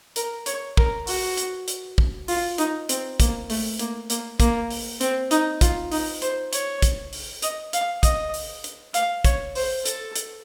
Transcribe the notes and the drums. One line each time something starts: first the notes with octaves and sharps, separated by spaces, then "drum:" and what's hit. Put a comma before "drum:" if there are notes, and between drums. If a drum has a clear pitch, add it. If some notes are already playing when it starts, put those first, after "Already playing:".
A#4, drum: hi-hat
C#5, drum: hi-hat
A#4, drum: kick
F#4, drum: open hi-hat
drum: hi-hat
drum: hi-hat
drum: kick
F4, drum: open hi-hat
D#4, drum: hi-hat
C4, drum: hi-hat
A#3, drum: kick, hi-hat
A3, drum: open hi-hat
A#3, drum: hi-hat
A#3, drum: hi-hat
A#3, drum: kick, hi-hat
drum: open hi-hat
C4, drum: hi-hat
D#4, drum: hi-hat
F4, drum: kick, hi-hat
D#4, drum: open hi-hat
C5, drum: hi-hat
C#5, drum: hi-hat
drum: kick, hi-hat
drum: open hi-hat
D#5, drum: hi-hat
F5, drum: hi-hat
D#5, drum: kick, hi-hat
drum: open hi-hat
drum: hi-hat
F5, drum: hi-hat
C#5, drum: kick, hi-hat
C5, drum: open hi-hat
A4, drum: hi-hat
drum: hi-hat